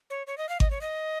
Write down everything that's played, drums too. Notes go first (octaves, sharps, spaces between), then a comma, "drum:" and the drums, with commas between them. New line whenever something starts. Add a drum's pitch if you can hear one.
C#5
C#5
D#5
F5
D#5, drum: kick G#1
C#5
D#5